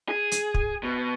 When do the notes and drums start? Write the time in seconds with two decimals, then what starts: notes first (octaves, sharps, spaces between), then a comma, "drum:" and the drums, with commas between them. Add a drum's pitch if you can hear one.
0.09 G#4
0.32 drum: hi-hat
0.54 drum: kick
0.83 B2